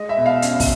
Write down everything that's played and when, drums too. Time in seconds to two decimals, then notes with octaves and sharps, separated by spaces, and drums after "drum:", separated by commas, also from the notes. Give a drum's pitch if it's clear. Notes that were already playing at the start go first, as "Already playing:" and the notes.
Already playing: G#3 D#5
0.09 E5
0.17 B2
0.26 F5
0.42 C#4 F5, drum: hi-hat
0.60 drum: kick, open hi-hat